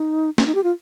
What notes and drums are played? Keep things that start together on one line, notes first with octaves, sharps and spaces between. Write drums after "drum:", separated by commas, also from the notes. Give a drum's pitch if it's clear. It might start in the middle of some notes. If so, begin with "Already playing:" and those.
Already playing: D#4
C#4, drum: snare
D#4
G4
F4